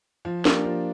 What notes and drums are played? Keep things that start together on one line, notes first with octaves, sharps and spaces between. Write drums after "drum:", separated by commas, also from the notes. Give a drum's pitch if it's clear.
F3
A#3 D4 G4 A#4, drum: snare
F3